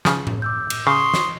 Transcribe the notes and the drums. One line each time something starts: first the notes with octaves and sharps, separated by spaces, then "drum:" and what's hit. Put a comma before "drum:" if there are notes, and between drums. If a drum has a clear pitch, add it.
C#3 F3, drum: snare
drum: tom A2
D6 E6 G6
drum: cymbal
C#3 C6 C#6 D#6
drum: snare